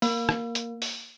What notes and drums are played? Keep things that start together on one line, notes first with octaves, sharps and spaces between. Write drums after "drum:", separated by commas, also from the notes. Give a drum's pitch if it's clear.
A#3, drum: open hi-hat
drum: rim click
drum: hi-hat
drum: open hi-hat